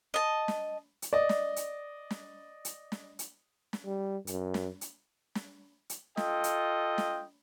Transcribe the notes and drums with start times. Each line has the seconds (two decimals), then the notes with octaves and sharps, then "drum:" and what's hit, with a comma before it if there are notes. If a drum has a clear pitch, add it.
0.14 D#5 A5
0.48 drum: snare
1.02 drum: hi-hat
1.13 D5 D#5
1.29 drum: snare
1.56 drum: hi-hat
2.11 drum: snare
2.65 drum: hi-hat
2.92 drum: snare
3.19 drum: hi-hat
3.73 drum: snare
3.85 G3
4.27 F#2, drum: hi-hat
4.54 drum: snare
4.81 drum: hi-hat
5.35 drum: snare
5.90 drum: hi-hat
6.17 F4 A4 D#5 G5, drum: snare
6.44 drum: hi-hat
6.98 drum: snare